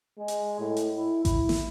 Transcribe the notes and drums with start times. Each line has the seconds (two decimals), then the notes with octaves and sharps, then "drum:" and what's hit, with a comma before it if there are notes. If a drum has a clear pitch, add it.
0.19 G#3
0.28 drum: hi-hat
0.60 A2
0.76 drum: hi-hat
0.96 E4
1.25 E4, drum: kick A1, hi-hat
1.49 drum: snare